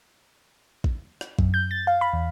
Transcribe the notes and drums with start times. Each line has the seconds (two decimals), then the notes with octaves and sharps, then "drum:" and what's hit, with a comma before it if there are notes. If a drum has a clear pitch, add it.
0.84 drum: kick
1.21 drum: rim click
1.39 F#2, drum: kick
1.54 G6
1.71 A6
1.87 F5
2.01 B5
2.13 E2